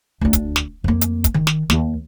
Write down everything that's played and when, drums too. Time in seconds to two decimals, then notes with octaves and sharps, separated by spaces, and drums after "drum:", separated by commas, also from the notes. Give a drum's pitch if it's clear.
0.21 D2 D4
0.33 drum: kick, hi-hat
0.56 drum: snare
0.84 F2 A#3
1.01 drum: hi-hat
1.24 drum: kick, hi-hat
1.34 D#3
1.47 drum: snare
1.70 D#2, drum: snare